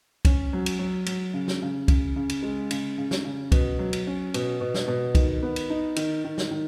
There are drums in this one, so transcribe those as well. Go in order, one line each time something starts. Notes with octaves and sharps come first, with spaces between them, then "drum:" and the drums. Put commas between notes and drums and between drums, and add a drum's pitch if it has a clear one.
C#4, drum: kick, cymbal
F#3
drum: cymbal
F#3
F#3, drum: cymbal
C#3
drum: snare
C#3
C#3, drum: kick, cymbal
C#3
drum: cymbal
G#3
C#3, drum: cymbal
C#3
drum: snare
C#3
B2, drum: kick, cymbal
F#3
drum: cymbal
C#4
B2, drum: cymbal
B2
drum: snare
B2
D#3, drum: kick, cymbal
B3
drum: cymbal
D#4
D#3, drum: cymbal
D#3
drum: snare
D#3